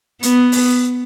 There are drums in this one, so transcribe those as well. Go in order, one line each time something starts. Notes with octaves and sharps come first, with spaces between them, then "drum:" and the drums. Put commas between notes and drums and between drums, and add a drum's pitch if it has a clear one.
B3, drum: hi-hat
drum: open hi-hat